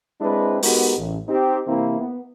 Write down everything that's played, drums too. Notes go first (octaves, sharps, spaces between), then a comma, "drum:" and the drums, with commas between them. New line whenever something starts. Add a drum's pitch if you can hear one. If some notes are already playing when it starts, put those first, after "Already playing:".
G#3 C4 D4 E4 B4
G#3 B3 D#4 F#4 G4 A#4, drum: open hi-hat
A1
C4 D#4 G4
C3 E3 A#3 C4 E4
B3